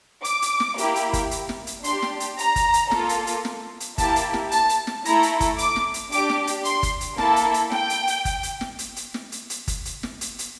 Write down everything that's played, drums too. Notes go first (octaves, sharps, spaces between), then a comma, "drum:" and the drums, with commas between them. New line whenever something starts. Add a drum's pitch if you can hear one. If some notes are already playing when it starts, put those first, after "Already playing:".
D6, drum: hi-hat
drum: hi-hat
drum: snare
A#3 E4 G4, drum: hi-hat
drum: hi-hat
drum: kick G1, hi-hat
drum: hi-hat
drum: snare
drum: hi-hat
D4 G4 C6, drum: hi-hat
drum: snare
drum: hi-hat
A#5, drum: hi-hat
drum: kick G1, hi-hat
drum: hi-hat
A#3 F4 A4, drum: snare
drum: hi-hat
drum: hi-hat
drum: snare
drum: hi-hat
A#3 E4 G4 A5, drum: kick G1, hi-hat
drum: hi-hat
drum: snare
A5, drum: hi-hat
drum: hi-hat
drum: snare
A3 E4 A4 A#5, drum: hi-hat
drum: hi-hat
drum: kick G1, hi-hat
D6, drum: hi-hat
drum: snare
drum: hi-hat
D4 G4 D6, drum: hi-hat
drum: snare
drum: hi-hat
C6, drum: hi-hat
drum: kick G1, hi-hat
drum: hi-hat
A#3 E4 A4 A5, drum: snare
drum: hi-hat
drum: hi-hat
G5, drum: snare
drum: hi-hat
drum: hi-hat
drum: kick G1, hi-hat
drum: hi-hat
drum: snare
drum: hi-hat
drum: hi-hat
drum: snare
drum: hi-hat
drum: hi-hat
drum: kick G1, hi-hat
drum: hi-hat
drum: snare
drum: hi-hat
drum: hi-hat